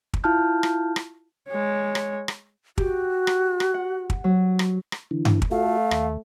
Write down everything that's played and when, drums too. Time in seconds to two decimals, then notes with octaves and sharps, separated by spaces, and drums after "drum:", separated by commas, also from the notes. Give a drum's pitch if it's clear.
0.14 drum: kick
0.24 E4 F4 F5 A5 F6 G6
0.63 drum: rim click
0.96 drum: rim click
1.49 G#3 C#5
1.95 drum: rim click
2.28 drum: rim click
2.78 F#4 G4, drum: kick
3.27 drum: rim click
3.60 drum: rim click
3.74 F#5
4.10 drum: kick
4.24 F#3
4.59 drum: rim click
4.92 drum: rim click
5.11 D3 E3
5.25 drum: tom G2
5.42 drum: kick
5.51 A3 F4 F#4 A4 F5
5.91 D#2, drum: rim click